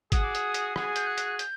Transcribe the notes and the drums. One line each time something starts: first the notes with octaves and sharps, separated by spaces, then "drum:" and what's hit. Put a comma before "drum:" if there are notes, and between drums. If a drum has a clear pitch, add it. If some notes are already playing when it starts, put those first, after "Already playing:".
F#4 G#4 D#6, drum: kick, hi-hat
D6
D#6, drum: hi-hat
drum: hi-hat
F#4 G#4, drum: rim click
G6, drum: hi-hat
F#6
drum: hi-hat
G6, drum: hi-hat